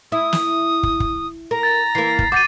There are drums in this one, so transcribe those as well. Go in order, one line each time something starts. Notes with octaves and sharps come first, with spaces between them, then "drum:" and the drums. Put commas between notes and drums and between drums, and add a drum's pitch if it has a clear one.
E4 D#6
drum: snare
drum: kick
drum: kick
A#4 A#5
A6
E3 A#3 C7
drum: kick
F#4 D6 G6 A6 D#7